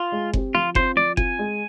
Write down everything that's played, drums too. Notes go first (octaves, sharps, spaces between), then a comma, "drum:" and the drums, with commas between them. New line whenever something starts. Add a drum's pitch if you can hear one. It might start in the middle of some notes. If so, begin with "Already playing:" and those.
Already playing: F4
G#3
C4 G4, drum: kick F#1
F3 F4
C4 F4 C5, drum: kick F#1
F3 D5
C4 F4 G#5, drum: kick F#1
G#3